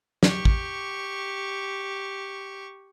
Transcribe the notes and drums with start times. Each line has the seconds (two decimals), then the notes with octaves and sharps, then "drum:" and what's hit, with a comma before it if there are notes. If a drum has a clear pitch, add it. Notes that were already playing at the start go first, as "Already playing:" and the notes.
0.23 G4 C#6, drum: snare
0.45 drum: kick